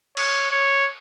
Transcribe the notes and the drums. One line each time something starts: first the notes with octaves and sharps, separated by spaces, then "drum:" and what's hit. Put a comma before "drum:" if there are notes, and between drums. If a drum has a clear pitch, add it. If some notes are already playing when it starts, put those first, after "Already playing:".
C#5, drum: cymbal
C#5